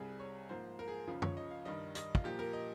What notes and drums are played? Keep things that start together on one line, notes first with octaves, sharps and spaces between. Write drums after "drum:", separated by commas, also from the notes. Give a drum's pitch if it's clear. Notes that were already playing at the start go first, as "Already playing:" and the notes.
Already playing: C2 C3 G3 G#4
C#5
G#2 F3 A#3 C5
A#4
G#4
C#2 C#3 F3 F4
C#5, drum: tom F#2
D#5
F5
G2 D#3 G3 D#5
D#5, drum: hi-hat
F4, drum: kick
A#2 F3 A#3 G4
A#4
D#5